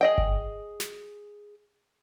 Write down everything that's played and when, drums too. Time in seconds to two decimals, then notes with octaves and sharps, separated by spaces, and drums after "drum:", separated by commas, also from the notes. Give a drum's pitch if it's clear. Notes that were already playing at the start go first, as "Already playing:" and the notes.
0.01 G#4 D#5 G5
0.18 drum: kick G1
0.80 drum: snare